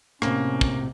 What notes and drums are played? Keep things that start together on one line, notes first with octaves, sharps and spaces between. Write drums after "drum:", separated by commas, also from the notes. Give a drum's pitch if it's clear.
A2 C3 A#3 C#4, drum: rim click
drum: kick